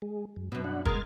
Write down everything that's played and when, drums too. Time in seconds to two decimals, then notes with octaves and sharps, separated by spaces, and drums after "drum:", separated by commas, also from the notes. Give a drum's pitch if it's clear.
0.02 G#3
0.36 F#2
0.52 F#2 B2 B3
0.64 D4 F#5
0.85 G#3 B3 A#4 F6 G#6 A6, drum: kick